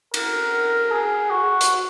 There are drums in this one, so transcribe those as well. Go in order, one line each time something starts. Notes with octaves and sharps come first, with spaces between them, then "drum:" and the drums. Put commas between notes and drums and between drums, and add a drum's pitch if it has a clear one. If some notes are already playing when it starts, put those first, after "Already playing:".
A#4, drum: cymbal
G#4
F#4
drum: hi-hat